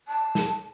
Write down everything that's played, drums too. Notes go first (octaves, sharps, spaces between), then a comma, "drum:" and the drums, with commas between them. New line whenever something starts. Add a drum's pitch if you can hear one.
A5
drum: snare